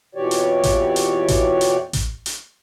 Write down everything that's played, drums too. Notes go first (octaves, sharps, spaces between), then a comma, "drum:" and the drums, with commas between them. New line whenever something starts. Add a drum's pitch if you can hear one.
F2 B2 E3 G4 C#5 D5
drum: hi-hat
drum: kick A1, hi-hat
drum: hi-hat
drum: kick A1, hi-hat
drum: hi-hat
drum: kick A1, hi-hat
drum: hi-hat